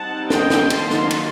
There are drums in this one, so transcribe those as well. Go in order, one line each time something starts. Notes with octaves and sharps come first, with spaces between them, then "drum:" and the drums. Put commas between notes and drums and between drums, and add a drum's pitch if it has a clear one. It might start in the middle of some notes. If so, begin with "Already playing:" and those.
Already playing: G3 C4 D#4 F#5 A5
D#5 G5, drum: snare
drum: snare
D#3 F#3 A#3 D#4 A5 C6, drum: cymbal
drum: snare
drum: cymbal